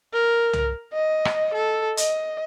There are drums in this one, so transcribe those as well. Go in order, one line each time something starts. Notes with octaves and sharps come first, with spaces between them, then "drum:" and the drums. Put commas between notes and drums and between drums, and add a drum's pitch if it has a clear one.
A#4
drum: tom C2
D#5
drum: rim click
A4
D#5, drum: hi-hat